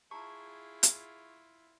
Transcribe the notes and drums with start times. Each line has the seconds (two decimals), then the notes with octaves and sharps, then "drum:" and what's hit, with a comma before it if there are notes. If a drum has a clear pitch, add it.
0.11 E4 F4 G#4 A5 A#5 C#6
0.83 drum: hi-hat